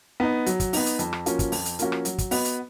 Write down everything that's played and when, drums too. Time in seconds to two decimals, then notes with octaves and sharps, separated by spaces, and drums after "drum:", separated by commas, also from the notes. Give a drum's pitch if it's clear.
0.20 B3 D#4
0.46 F#3, drum: hi-hat
0.60 drum: kick, hi-hat
0.73 B3 D#4, drum: open hi-hat
0.86 drum: hi-hat
0.99 F2, drum: hi-hat
1.13 drum: rim click
1.26 F3 A#3 C#4 F#4, drum: hi-hat
1.39 drum: kick, hi-hat
1.52 F2, drum: open hi-hat
1.66 drum: hi-hat
1.79 F3 A#3 C#4 F#4, drum: hi-hat
1.92 drum: rim click
2.05 F#3, drum: hi-hat
2.18 drum: kick, hi-hat
2.31 B3 F#4 B4 D#5, drum: open hi-hat
2.45 drum: hi-hat